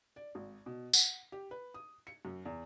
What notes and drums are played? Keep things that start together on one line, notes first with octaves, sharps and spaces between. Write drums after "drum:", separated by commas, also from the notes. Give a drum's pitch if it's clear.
D5
G#1
B2
F#5, drum: tambourine
G4
B4
D#6
C#7
F#2
E2